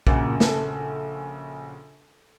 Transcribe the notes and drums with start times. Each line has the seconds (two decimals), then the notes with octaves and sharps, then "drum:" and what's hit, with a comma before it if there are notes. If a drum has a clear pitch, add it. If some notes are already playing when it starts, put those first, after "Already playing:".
0.07 A#1 A#2 C#3 F#4, drum: kick
0.40 A4, drum: snare